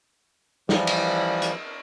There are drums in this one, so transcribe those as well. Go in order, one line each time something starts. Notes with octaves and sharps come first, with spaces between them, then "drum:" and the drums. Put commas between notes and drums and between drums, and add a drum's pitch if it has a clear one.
E3 F3 G3, drum: snare
drum: cymbal
drum: hi-hat